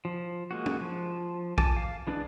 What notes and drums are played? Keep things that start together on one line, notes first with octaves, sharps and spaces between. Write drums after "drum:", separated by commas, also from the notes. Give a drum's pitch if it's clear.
F3
G#3 A#3 F#4
drum: tom
F3
G#5 A5 D6, drum: kick A#1
F5
E3 G#3 D4 B4 D5